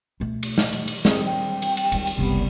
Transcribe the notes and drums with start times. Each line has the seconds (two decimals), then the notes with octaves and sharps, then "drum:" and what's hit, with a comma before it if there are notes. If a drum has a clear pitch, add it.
0.20 B2 A3
0.43 drum: cymbal
0.58 drum: snare
0.73 drum: cymbal
0.88 drum: cymbal
1.05 G3 C4 D4 G#4, drum: snare
1.26 G5
1.62 drum: cymbal
1.77 drum: cymbal
1.92 D#3 G#3, drum: cymbal
2.07 drum: cymbal
2.18 F#1 C2 C3 G3 B3